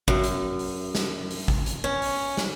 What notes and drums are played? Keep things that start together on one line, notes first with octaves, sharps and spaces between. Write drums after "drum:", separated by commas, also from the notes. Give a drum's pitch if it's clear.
F#2, drum: kick
drum: hi-hat
drum: open hi-hat
drum: snare
drum: open hi-hat
drum: kick
drum: hi-hat
C#4
drum: open hi-hat
drum: snare